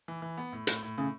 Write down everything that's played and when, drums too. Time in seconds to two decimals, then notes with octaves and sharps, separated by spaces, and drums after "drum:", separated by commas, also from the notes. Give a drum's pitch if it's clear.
0.08 E3
0.22 E3
0.38 B3
0.52 A2
0.67 A2, drum: hi-hat
0.83 A2
0.98 A2 C#3